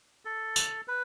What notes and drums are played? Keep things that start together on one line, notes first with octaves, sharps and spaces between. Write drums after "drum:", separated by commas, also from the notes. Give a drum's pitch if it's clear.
A4
drum: tambourine
B4